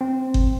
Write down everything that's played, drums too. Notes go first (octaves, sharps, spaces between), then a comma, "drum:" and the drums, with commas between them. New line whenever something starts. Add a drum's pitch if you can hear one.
C4
drum: kick G1